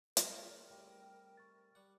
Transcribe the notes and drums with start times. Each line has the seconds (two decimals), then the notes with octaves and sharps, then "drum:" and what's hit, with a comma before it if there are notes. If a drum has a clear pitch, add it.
0.17 F#4 A#4, drum: hi-hat
0.42 G#4 D5
0.70 A2 C3 G3 G5
1.37 C#6 A6
1.75 G3 F#5 D6